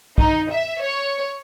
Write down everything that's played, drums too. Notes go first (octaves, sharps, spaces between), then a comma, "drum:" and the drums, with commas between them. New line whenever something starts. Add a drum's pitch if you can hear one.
D#4, drum: kick
E5
C#5